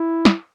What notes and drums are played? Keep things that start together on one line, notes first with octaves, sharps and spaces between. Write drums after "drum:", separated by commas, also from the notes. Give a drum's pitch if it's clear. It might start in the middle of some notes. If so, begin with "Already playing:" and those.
Already playing: E4
drum: snare